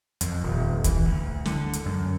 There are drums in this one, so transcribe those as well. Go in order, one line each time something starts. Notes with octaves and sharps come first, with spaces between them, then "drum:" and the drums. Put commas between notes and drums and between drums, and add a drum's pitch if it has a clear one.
F2, drum: hi-hat
D#1
E3, drum: kick, hi-hat
D2
D3, drum: snare
drum: hi-hat
F#2